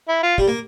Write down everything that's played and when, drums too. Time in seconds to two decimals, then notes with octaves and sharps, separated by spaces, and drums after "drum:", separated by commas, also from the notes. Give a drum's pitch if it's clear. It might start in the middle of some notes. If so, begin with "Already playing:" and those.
0.08 E4
0.23 F4
0.38 G3, drum: kick
0.48 A#3